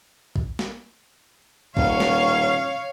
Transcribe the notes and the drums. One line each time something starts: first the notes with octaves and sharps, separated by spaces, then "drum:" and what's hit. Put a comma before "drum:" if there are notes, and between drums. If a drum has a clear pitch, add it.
drum: kick A#1
drum: snare
D#1 C#5 F5, drum: kick A#1
drum: snare